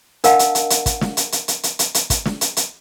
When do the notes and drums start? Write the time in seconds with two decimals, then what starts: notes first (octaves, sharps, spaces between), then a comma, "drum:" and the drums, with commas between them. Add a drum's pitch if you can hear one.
0.24 D4 A#4 D#5 F5 F#5 A5, drum: hi-hat
0.39 drum: hi-hat
0.55 drum: hi-hat
0.70 drum: hi-hat
0.86 drum: kick, hi-hat
1.01 drum: snare
1.17 drum: hi-hat
1.32 drum: hi-hat
1.48 drum: hi-hat
1.63 drum: hi-hat
1.79 drum: hi-hat
1.94 drum: hi-hat
2.10 drum: kick, hi-hat
2.26 drum: snare
2.41 drum: hi-hat
2.57 drum: hi-hat